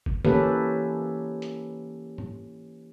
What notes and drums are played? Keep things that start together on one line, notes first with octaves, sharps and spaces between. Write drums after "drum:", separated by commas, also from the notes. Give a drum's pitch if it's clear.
drum: kick
E3 A#3 C#4 G4 A4 B4, drum: snare
drum: hi-hat
drum: tom G#2